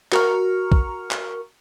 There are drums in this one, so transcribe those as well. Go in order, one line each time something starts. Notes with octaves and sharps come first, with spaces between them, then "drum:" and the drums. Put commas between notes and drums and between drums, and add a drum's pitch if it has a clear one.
F#4 A#4 A#5 C#6 F6, drum: clap
drum: kick
drum: clap